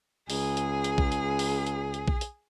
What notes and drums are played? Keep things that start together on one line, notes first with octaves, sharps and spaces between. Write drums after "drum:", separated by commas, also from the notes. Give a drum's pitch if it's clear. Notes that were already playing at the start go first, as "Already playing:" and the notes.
C#2 G#4, drum: open hi-hat
drum: hi-hat
drum: hi-hat
drum: kick A#1
drum: hi-hat
drum: open hi-hat
drum: hi-hat
drum: hi-hat
drum: kick A#1
drum: hi-hat